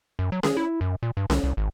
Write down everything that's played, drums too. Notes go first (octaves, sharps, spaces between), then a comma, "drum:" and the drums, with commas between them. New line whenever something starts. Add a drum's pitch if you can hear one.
F#2
F#3
G#4, drum: snare C#4
E4
F#2
A#2
G2
C2, drum: snare C#4
C2
G#1